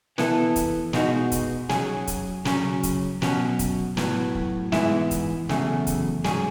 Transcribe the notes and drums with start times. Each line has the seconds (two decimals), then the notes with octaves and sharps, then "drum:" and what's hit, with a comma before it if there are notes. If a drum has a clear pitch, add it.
0.18 E3 B3 E4 A4, drum: snare
0.56 drum: kick, hi-hat
0.93 B2 G#3 D#4 F#4, drum: snare
1.32 drum: kick, hi-hat
1.69 F#3 C#4 G#4, drum: snare
2.07 drum: kick, hi-hat
2.45 C#3 F#3 C#4, drum: snare
2.83 drum: kick, hi-hat
3.22 B2 F#3 C#4, drum: snare
3.59 drum: kick, hi-hat
3.97 A2 F#3 B3, drum: snare
4.35 drum: kick
4.72 G#2 E3 G#3 B3 E4, drum: snare
5.11 drum: kick, hi-hat
5.49 E2 C#3 F#3 A3, drum: snare
5.87 drum: kick, hi-hat
6.24 G#2 F#3 C#4 G#4, drum: snare